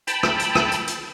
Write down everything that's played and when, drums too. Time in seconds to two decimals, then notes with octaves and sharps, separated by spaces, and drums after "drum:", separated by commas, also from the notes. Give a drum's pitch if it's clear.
0.07 G5 A5 B5, drum: hi-hat
0.23 drum: rim click
0.39 drum: hi-hat
0.55 drum: rim click
0.71 drum: hi-hat
0.87 drum: hi-hat